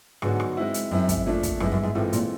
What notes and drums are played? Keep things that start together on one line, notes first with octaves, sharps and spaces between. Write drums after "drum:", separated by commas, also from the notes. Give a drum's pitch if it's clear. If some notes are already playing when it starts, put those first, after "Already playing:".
G#2 D3 F#3 B3 D#4 F#4, drum: rim click
drum: rim click
G#3 C4 E4
drum: hi-hat
F#2 G#3 C4 E4
drum: kick, hi-hat
A#2 F3 A3 D4
drum: kick, hi-hat
F#2 G#3 B3 E4, drum: rim click
F#2
G#2
A2 E3 G#3 C4 F4 A4
A#2, drum: hi-hat